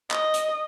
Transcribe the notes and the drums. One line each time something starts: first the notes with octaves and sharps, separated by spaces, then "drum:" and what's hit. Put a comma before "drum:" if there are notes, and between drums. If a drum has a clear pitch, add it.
D#5, drum: clap
drum: hi-hat